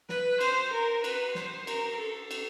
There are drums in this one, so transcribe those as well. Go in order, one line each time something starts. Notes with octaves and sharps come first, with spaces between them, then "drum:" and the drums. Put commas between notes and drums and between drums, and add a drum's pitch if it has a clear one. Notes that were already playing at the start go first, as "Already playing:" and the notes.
B4, drum: snare
C5, drum: cymbal
A#4
B4, drum: cymbal
C5, drum: snare
A#4, drum: cymbal
A4
drum: cymbal